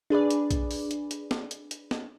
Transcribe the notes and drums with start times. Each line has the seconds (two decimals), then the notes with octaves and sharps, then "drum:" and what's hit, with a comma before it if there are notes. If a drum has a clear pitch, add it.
0.10 D4 G#4 B4 D5
0.30 drum: hi-hat
0.51 drum: kick A#1, hi-hat
0.71 drum: open hi-hat
0.91 drum: hi-hat
1.11 drum: hi-hat
1.31 drum: snare
1.51 drum: hi-hat
1.71 drum: hi-hat
1.91 drum: snare